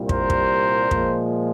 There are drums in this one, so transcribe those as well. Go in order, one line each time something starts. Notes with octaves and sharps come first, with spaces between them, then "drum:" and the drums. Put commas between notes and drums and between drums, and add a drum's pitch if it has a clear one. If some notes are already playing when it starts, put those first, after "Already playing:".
Already playing: C2 A#2 G3
A#4 C5, drum: kick
drum: kick
A#2 F3 G#3, drum: kick